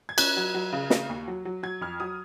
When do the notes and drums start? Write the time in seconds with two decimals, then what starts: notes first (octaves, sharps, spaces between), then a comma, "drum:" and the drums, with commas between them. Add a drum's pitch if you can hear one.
0.09 G#6
0.18 C#4 F#6, drum: cymbal
0.37 F#3
0.54 F#3
0.73 C#3
0.90 C#3, drum: snare
1.09 D#2
1.28 F#3
1.45 F#3
1.63 F#3 G#6
1.81 F2 F6
2.00 F#3 D#6